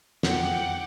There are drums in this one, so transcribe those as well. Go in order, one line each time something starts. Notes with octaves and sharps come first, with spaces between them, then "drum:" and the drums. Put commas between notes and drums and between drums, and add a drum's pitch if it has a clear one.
F2 F#5 G5 D6, drum: snare